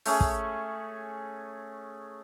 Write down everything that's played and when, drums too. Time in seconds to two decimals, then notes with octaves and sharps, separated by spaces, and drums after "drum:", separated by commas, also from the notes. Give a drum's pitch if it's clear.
0.06 A3 C#4 G#4, drum: open hi-hat
0.21 drum: kick